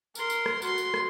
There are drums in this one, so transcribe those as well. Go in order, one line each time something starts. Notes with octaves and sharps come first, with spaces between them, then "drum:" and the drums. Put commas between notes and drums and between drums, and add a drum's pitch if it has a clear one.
A#4 C6, drum: tambourine
drum: tambourine
drum: rim click
F#4 C6, drum: tambourine
drum: tambourine
drum: rim click